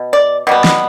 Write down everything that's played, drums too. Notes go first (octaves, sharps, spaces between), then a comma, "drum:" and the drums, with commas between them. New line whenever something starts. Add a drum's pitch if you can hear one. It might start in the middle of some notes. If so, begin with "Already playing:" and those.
Already playing: B2
D5
B2 G3 B3
drum: snare